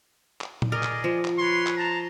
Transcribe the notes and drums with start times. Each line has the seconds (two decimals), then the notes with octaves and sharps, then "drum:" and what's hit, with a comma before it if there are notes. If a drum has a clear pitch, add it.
0.41 drum: clap
0.62 drum: tom A#2
0.72 G#4 A#4 D5 D#5
0.83 drum: clap
1.04 F3
1.25 drum: clap
1.38 B4 C#5 C6
1.67 drum: clap
1.77 A5 A#5